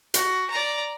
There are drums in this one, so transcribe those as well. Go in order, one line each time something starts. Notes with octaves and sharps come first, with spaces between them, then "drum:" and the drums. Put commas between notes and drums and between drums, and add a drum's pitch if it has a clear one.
F#4, drum: hi-hat
D5 A#5